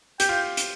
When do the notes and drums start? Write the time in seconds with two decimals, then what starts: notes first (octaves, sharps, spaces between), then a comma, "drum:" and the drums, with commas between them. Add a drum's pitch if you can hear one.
0.20 G4 G5, drum: hi-hat
0.29 F4
0.57 drum: hi-hat